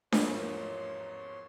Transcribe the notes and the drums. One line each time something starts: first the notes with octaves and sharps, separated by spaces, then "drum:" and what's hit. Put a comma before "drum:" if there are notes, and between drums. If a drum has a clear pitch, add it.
A1 E2 G#2 F3 A#3 C#5 C6, drum: snare D4